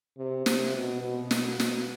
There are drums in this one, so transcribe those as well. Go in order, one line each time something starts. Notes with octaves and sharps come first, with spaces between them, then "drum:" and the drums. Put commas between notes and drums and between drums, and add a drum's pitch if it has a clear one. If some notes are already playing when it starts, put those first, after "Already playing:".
C3
C3, drum: snare
B2
B2
drum: snare
B2, drum: snare